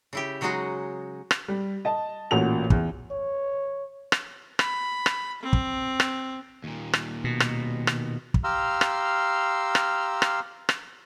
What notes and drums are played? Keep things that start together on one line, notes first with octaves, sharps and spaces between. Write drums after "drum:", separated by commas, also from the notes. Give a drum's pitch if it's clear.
C#3 E4 G4
C#3 F#3 G#3 D#4 F#4 G#4
drum: rim click
G3
D#5 A5
A1 A#2 C#4 F#4 F7
E2, drum: kick
C#5
drum: rim click
B5, drum: rim click
drum: rim click
C4
drum: kick
drum: rim click
D#2 A#2
drum: rim click
B2
drum: rim click
drum: rim click
drum: kick
G4 F5 A#5 C6 E6 F6
drum: rim click
drum: rim click
drum: rim click
drum: rim click